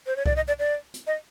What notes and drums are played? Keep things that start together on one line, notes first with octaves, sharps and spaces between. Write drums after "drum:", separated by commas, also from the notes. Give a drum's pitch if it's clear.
C5
C#5
D5, drum: kick C2
D#5
D5
D5
drum: hi-hat
D#5